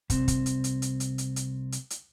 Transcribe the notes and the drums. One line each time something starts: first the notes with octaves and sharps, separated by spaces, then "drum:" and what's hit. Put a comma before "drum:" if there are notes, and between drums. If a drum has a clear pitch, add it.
C2 C4, drum: kick, hi-hat
drum: kick, hi-hat
drum: hi-hat
drum: hi-hat
drum: hi-hat
drum: hi-hat
drum: hi-hat
drum: hi-hat
drum: hi-hat
drum: hi-hat